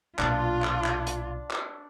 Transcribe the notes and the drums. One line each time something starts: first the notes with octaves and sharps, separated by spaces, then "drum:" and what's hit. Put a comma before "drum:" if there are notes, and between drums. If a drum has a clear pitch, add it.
B1 A#2 D4 F4, drum: clap
drum: clap
drum: clap
drum: hi-hat
drum: clap